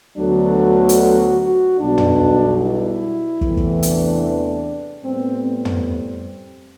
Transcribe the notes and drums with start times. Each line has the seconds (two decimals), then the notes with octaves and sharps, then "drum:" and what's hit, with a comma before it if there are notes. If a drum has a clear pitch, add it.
0.17 D2 D3 F#3 B3 D4
0.89 drum: hi-hat
0.98 F#4
1.39 F#4
1.79 B1 B2 G3 D4
1.98 drum: tom
2.60 E4
3.41 E2 C3 E3 A3 C4, drum: kick
3.57 drum: kick
3.83 D4, drum: hi-hat
5.04 A2 G3 B3 C4
5.45 C4
5.65 drum: tom